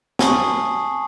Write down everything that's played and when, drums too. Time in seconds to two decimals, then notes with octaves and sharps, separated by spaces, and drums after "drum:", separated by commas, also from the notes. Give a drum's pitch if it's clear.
0.19 G#5 A5 B5 C#6 D#6 C7, drum: snare